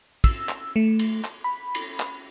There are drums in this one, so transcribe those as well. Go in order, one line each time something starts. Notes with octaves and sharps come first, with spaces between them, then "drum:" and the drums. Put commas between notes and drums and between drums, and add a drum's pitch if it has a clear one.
E6, drum: kick, cymbal
drum: clap
A3
drum: cymbal
drum: clap
B5
drum: cymbal
drum: clap